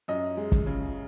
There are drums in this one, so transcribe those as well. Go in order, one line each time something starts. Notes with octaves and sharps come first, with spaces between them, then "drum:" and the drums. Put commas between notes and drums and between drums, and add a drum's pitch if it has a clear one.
F#2 D#5
G#3
drum: kick
C#3